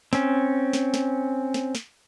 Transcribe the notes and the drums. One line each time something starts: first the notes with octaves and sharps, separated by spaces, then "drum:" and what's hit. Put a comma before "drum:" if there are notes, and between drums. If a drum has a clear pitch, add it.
C4 C#4, drum: snare
drum: snare
drum: snare
drum: snare
drum: snare